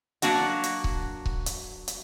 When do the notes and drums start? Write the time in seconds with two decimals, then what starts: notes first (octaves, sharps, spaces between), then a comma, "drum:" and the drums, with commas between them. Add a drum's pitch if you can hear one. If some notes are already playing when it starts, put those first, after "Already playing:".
0.22 F#3 A#3 D4 F#4 F#5, drum: hi-hat
0.64 drum: hi-hat
0.84 drum: kick C#1
1.26 drum: kick C#1
1.46 drum: hi-hat
1.88 drum: hi-hat